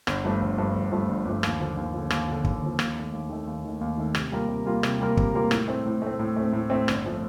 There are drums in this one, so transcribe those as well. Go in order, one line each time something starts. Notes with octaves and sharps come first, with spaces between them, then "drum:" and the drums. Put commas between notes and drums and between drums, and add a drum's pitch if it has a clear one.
G1, drum: rim click
G2 F3 A3
G1
G2 F3 A3
G1
G2 F3 A3
G1
G2 F3 A3
D#2, drum: rim click
D3 F3
D#2
D3 F3
D#2, drum: rim click
D3 F3
D#2, drum: kick
D3 F3
D#2, drum: rim click
D#3 A3
D#2
D#3 A3
D#2
D#3 A3
D#2
D#3 A3
C3, drum: rim click
G3 A#3 F4 A#4
C3
G3 A#3 F4 A#4
C3, drum: rim click
G3 A#3 F4 A#4
C3, drum: kick
G3 A#3 F4 A#4
A2, drum: rim click
A3 C4
A2
A3 C4
A2
A3 C4
A2
A3 C4
G1, drum: rim click
F3 A3